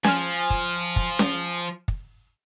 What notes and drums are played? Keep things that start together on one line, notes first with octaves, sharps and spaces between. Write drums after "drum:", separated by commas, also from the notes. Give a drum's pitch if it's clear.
F3 G#5 F6, drum: snare C#4
drum: kick
drum: kick
drum: snare C#4
drum: kick